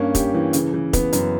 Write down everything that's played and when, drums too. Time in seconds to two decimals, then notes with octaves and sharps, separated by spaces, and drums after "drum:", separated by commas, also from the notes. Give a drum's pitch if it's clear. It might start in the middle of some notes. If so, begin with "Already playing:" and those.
Already playing: G2 A#3 C#4
0.15 G4, drum: kick, hi-hat
0.34 E3
0.53 C#3, drum: hi-hat
0.74 E3
0.93 B3, drum: kick, hi-hat
1.13 F#2, drum: hi-hat